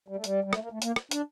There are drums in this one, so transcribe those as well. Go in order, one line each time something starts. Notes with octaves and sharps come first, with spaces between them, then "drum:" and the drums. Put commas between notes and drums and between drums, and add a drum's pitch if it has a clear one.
G3
A3
G3, drum: hi-hat
G3
A3, drum: rim click
A#3
A3
A#3, drum: hi-hat
drum: rim click
D4, drum: hi-hat